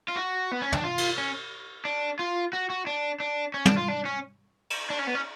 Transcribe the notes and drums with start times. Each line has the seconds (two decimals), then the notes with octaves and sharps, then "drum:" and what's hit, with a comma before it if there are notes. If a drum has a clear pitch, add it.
0.08 F4
0.16 F#4
0.52 B3
0.62 C#4
0.72 D4, drum: tom
0.84 F4
0.98 drum: cymbal
1.18 C#4
1.85 D4
2.19 F4
2.53 F#4
2.70 F#4
2.87 D4
3.20 D4
3.54 C#4
3.65 D4, drum: tom
3.77 F4
3.88 D4
4.05 C#4
4.70 drum: cymbal
4.90 D4
4.98 C#4
5.07 B3
5.15 C#4